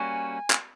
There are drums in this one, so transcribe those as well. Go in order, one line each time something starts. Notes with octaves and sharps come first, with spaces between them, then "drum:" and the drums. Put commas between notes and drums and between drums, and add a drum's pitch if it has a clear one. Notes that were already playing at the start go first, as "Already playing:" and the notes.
Already playing: G3 A#3 C#4 F#4 G#5
drum: clap